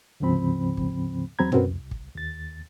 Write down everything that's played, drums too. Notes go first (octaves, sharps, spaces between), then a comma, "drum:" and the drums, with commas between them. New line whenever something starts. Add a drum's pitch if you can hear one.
D2 G#2 C#3 F3 C4 B5
drum: kick
E2 F#3 C4 A#5 B5 G#6
B2 C4 C#4 F#4 A#4 B4, drum: tom
C2
drum: kick
D#2 A6